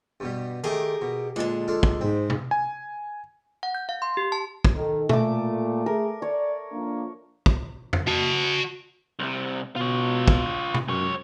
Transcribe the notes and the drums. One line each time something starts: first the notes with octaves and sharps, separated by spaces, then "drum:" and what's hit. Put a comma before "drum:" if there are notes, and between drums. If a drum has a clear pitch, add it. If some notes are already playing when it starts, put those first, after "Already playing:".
G2 B2 G3
D#3 A3 G4 G#4 A#4 D6
B2
A#2 D3 G#3 A5
D4 F4 A4
drum: kick
G#2 C4
drum: tom
G#5
F#5
G6
F5
C6
G4
A5
drum: kick
D#3 A4
A#2 A3 D6, drum: tom
A3 G#4 A#4
C#5 D5
F3 A#3 D4
drum: kick
drum: tom F2
F#4 A5
C2 C3
B2 F4 C#5
drum: kick
drum: tom
C#2 F#2 C#5